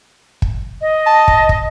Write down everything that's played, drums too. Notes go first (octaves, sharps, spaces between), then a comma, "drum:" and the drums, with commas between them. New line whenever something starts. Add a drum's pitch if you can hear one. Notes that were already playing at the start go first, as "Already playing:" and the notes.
drum: kick
D#5
A5
drum: kick
drum: kick